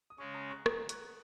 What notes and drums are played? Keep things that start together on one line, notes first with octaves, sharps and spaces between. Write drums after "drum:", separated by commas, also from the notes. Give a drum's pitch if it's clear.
D#6
C#3 G#3 C#4 G#5 C#6
A#5 D#6
C#6 F#6
A#5 D#6, drum: rim click
C#6 F#6, drum: hi-hat